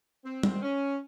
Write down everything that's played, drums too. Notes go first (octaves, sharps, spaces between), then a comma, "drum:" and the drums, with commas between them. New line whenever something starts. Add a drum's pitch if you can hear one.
C4
drum: tom G3
C#4